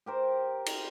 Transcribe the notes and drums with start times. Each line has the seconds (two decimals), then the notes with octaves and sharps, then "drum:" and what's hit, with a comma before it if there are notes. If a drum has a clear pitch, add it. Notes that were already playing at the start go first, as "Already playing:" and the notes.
0.06 G4 A#4 C5
0.66 drum: cymbal